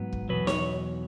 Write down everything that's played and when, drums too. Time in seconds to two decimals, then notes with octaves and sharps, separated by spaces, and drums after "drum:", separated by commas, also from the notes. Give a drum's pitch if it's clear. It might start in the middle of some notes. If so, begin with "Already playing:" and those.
Already playing: G#2 F#3 B3
0.13 drum: kick
0.29 E2 B2 F#3 B4
0.47 C#5, drum: snare